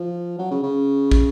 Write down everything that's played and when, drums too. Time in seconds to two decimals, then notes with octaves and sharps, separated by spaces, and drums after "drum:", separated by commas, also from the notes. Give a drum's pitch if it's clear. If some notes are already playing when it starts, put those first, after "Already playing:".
Already playing: F3
0.39 F#3
0.51 C#3
0.63 C#3
1.11 drum: kick